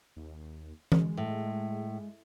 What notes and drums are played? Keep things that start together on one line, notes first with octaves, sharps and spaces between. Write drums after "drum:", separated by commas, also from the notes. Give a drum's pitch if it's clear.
D#2
G#3, drum: tom E3
A2